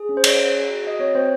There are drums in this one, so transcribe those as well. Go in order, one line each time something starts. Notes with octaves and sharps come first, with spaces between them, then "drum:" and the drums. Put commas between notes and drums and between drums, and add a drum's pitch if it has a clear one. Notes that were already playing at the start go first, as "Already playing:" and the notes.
Already playing: G#4
C#4
C5
C#4 C#5, drum: cymbal
G#4
G#4
F#4
F#4 D#5
C4 C#5
C4 C5